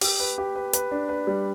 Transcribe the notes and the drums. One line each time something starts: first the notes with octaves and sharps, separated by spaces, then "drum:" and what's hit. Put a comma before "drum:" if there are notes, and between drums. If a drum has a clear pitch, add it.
G4, drum: open hi-hat
B4
G4
B4
B4, drum: hi-hat
D4
B4
G3